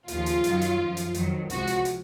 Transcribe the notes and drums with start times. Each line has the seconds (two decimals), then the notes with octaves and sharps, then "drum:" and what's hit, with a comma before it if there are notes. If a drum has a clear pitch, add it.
0.08 D#2 C#3 F3 F4, drum: hi-hat
0.26 drum: hi-hat
0.44 F#2 D#3 F#3, drum: hi-hat
0.61 drum: hi-hat
0.79 F#2 F3
0.97 drum: hi-hat
1.14 F2 D#3 F#3, drum: hi-hat
1.50 C#2 C3 F3 F#4, drum: hi-hat
1.67 drum: hi-hat
1.85 drum: hi-hat